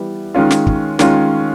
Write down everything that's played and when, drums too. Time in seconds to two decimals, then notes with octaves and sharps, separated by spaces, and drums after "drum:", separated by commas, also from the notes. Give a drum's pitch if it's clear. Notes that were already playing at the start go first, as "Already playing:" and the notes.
Already playing: E3 G3 B3
0.34 D#3 G#3 C#4 F4
0.51 drum: snare
0.67 drum: kick
0.99 D#3 G#3 C#4 F4, drum: snare